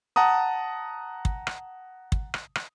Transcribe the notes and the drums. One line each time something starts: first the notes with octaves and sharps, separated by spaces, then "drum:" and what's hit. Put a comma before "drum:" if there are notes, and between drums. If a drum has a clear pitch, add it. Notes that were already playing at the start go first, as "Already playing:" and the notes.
F#5 A5 A#5 D#6
drum: kick
drum: rim click
drum: kick
drum: rim click
drum: rim click